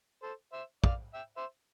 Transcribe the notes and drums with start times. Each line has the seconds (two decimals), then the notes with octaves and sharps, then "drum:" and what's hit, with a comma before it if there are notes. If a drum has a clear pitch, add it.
0.23 A4 C5
0.53 C5 E5
0.84 D5 F5, drum: kick
1.14 E5 G5
1.37 C5 E5